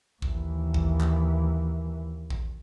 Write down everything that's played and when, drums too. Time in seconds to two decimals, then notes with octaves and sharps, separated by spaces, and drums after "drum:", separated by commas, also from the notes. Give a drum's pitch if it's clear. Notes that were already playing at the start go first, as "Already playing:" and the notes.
0.22 D#2 E3, drum: kick
0.74 drum: kick
1.00 drum: clap
2.30 drum: kick